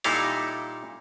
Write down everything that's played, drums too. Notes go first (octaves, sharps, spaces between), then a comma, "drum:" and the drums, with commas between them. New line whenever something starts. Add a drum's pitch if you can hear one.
A#2 G3 D#4 E4 A4 F5, drum: open hi-hat